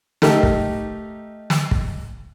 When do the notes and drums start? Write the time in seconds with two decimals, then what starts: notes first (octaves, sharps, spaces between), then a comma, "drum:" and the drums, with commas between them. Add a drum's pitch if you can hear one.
0.22 A3 D#4 G4 A#4, drum: snare
0.43 drum: kick
1.50 drum: snare
1.71 drum: kick